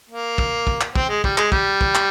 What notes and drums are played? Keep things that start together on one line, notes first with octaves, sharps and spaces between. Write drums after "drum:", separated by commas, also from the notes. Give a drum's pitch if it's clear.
A#3
drum: kick
drum: kick
drum: clap
C4, drum: kick
G#3
G3, drum: kick
G#3, drum: clap
G3, drum: kick
drum: kick
drum: clap